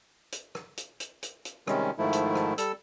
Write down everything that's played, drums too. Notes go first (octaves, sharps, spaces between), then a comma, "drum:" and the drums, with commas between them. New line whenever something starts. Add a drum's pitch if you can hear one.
drum: hi-hat
drum: rim click
drum: hi-hat
drum: hi-hat
drum: hi-hat
drum: hi-hat
C3 D#3 G3 G#3 C#4, drum: rim click
G#2 D#3 F3 A3 E4
drum: hi-hat
drum: rim click
G3 A4 E6, drum: hi-hat